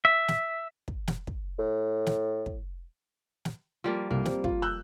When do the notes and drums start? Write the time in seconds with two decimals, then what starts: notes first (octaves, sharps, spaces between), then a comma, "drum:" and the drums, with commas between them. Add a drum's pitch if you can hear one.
0.05 E5
0.28 drum: snare
0.88 drum: kick
1.08 drum: snare
1.27 drum: kick
1.59 A2
2.06 drum: snare
2.46 drum: kick
3.45 drum: snare
3.84 F3 G3 A#3
4.10 C2 A#3
4.25 G3 C4, drum: snare
4.44 F4, drum: kick
4.62 E6 F#6 G6